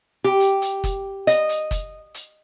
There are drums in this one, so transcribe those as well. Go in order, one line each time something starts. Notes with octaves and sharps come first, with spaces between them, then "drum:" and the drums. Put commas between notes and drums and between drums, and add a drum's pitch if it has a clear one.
G4
drum: hi-hat
drum: hi-hat
drum: kick, hi-hat
D#5, drum: hi-hat
drum: hi-hat
drum: kick, hi-hat
drum: hi-hat